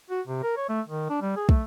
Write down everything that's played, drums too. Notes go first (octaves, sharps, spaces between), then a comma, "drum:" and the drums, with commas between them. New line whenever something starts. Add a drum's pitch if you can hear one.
F#4
C3
A#4
C#5
A3
D#3
D4
G3
G#4
A3, drum: kick